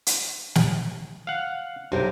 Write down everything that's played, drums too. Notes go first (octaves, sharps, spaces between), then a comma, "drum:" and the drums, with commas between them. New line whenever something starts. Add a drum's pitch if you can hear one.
drum: hi-hat
drum: snare
F5 F#5
B1 C3 G4 A#4